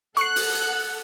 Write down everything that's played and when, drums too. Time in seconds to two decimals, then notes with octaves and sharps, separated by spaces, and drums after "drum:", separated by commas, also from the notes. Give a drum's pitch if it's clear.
0.17 A4 F#5 C#6 F#6 C7, drum: hi-hat
0.36 drum: open hi-hat
0.55 drum: hi-hat